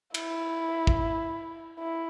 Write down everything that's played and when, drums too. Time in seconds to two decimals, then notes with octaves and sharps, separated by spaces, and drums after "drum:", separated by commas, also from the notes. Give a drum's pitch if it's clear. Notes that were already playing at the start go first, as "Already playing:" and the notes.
0.14 E4, drum: cymbal
0.87 drum: kick
1.79 E4